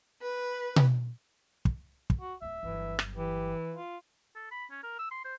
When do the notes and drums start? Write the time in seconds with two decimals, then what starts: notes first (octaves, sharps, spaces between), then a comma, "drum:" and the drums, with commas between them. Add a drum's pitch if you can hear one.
0.21 B4
0.76 drum: tom B2
1.65 drum: kick
2.10 drum: kick
2.21 F#4
2.42 D1 F#3 E5
2.63 G1 E3 F#3
2.99 drum: rim click
3.16 E3 G4
3.75 F4
4.36 A4
4.51 B5
4.71 C#4
4.83 A#4
4.99 E6
5.11 C6
5.24 C5